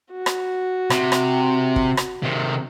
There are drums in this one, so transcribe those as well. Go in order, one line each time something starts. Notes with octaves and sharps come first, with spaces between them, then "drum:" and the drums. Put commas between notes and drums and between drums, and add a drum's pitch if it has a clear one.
F#4
drum: rim click
C3, drum: rim click
drum: rim click
drum: kick
drum: rim click
C3 D#3